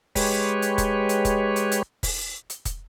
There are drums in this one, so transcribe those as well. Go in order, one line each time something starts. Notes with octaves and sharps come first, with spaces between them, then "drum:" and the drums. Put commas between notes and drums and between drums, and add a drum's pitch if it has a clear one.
G#3 G4 B4 C#5, drum: kick, open hi-hat
drum: hi-hat
drum: kick, hi-hat
drum: hi-hat
drum: kick, hi-hat
drum: hi-hat
drum: hi-hat
drum: kick, open hi-hat
drum: hi-hat
drum: kick, hi-hat